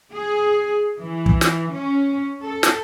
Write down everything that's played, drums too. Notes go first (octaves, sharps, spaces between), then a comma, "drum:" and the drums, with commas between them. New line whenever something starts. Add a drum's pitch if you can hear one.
G#4
E3
drum: kick
drum: snare
C#4
A4
drum: snare